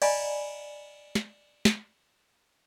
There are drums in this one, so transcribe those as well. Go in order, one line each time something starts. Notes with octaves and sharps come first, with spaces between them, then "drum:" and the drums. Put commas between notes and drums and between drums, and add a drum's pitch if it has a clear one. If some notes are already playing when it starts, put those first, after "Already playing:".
D5 D#5 F5 G#5 A#5 B5, drum: cymbal
drum: snare
drum: snare